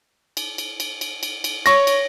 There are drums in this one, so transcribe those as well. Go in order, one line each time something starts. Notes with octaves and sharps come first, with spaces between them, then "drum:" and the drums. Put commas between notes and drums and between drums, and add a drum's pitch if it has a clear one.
drum: cymbal
drum: cymbal
drum: cymbal
drum: cymbal
drum: cymbal
drum: cymbal
C#5 C#6 A#6, drum: cymbal
drum: cymbal